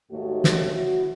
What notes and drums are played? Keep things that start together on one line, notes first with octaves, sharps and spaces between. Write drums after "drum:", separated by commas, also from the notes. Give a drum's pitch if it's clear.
D#2 G#2 A3 F#4 C#5
drum: snare
E4 F#4